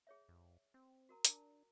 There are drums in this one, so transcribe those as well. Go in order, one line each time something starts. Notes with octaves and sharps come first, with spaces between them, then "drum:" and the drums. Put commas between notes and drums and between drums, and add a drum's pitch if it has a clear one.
G#4 C#5 E5
F2
C4
F#4 A#4 A#5
D4 A#4 A#5, drum: hi-hat